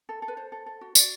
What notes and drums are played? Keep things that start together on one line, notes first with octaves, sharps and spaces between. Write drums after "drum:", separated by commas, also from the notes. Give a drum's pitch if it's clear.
A4
A4
B4
A4 C5
A4
A4
F#4
F#4 D5, drum: tambourine